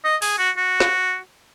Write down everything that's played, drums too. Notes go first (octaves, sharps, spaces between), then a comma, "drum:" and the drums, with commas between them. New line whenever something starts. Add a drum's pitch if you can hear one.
D#5
G#4, drum: open hi-hat
F#4
F#4
drum: snare